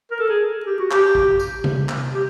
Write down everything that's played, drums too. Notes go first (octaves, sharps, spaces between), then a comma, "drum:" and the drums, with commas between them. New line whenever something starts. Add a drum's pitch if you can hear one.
A#4
A4
G#4
G4
F#4
G4, drum: clap
drum: kick
drum: tambourine
drum: tom C3
drum: clap
G4